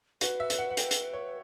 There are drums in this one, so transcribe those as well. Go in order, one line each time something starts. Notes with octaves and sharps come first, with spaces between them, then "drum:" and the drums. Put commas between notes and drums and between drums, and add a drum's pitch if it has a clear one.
F#4 B4, drum: hi-hat
E5
E5, drum: hi-hat
F#5
F#5
G5, drum: hi-hat
drum: hi-hat
C#5